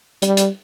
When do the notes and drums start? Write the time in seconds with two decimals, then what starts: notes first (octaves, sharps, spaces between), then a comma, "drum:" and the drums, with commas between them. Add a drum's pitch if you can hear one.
0.22 G3, drum: hi-hat
0.37 drum: hi-hat